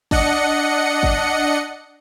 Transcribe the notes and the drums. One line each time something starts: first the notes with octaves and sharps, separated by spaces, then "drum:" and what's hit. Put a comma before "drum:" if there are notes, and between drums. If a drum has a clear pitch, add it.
D4 D#5 F#5 C#7, drum: kick
drum: kick